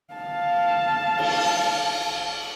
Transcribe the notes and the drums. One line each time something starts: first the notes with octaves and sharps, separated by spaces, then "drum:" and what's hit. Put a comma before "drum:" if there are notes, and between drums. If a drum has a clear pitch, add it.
F5 A5
drum: cymbal